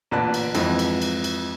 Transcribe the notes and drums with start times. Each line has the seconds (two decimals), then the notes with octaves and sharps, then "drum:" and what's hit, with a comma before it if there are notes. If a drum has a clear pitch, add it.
0.11 A1 A#2 D3 B4 A5 F#6
0.34 drum: cymbal
0.55 F2 G#2 E3 B3, drum: cymbal
0.79 drum: cymbal
1.02 drum: cymbal
1.24 drum: cymbal